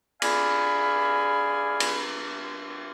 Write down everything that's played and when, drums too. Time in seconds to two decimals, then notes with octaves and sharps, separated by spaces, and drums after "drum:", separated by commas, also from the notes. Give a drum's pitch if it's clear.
0.22 G#4 D5 F5 G#5 B5, drum: cymbal
1.80 drum: cymbal